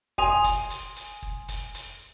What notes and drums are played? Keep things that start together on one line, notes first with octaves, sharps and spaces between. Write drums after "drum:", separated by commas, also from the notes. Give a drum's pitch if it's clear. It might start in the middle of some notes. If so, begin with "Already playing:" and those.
G#5 C6 D#6 F7, drum: kick
drum: kick, hi-hat
drum: hi-hat
drum: hi-hat
drum: kick
drum: kick, hi-hat
drum: hi-hat